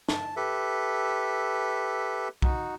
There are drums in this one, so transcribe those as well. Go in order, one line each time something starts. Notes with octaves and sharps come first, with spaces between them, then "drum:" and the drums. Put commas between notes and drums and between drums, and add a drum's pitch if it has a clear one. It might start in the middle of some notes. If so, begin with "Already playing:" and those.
A5, drum: snare
G4 A4 B4 E5
D#4 F#4, drum: kick B1